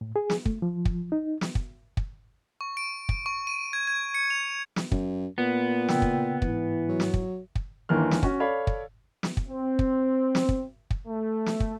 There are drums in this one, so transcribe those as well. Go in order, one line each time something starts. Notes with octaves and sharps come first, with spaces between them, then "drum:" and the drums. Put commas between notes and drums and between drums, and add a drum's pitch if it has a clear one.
A2
G#4
drum: snare
A3, drum: kick
F3
drum: kick
D#4
drum: snare
drum: kick
drum: kick
C#6
D7
drum: kick
C#6
D#7
G#6
G#6
C#7
F7
drum: snare
F#2, drum: kick
A#2 B3
C#3 G5 E6, drum: snare
drum: kick
G#2 E3 E4, drum: kick
F#3
drum: snare
drum: kick
drum: kick
G1 D#2 D#3 E3 A#3 F6
drum: snare
C#4 F#4, drum: kick
A4 C#5 D5 F5 B5
drum: kick
drum: snare
drum: kick
C4
drum: kick
drum: snare
drum: kick
drum: kick
A3
drum: snare
drum: kick